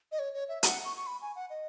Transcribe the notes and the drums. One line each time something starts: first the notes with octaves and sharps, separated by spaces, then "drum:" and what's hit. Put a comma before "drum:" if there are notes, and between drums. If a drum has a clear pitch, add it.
D#5
C#5
C#5
E5
F#5, drum: hi-hat
C#6
C#6
B5
G#5
F#5
D#5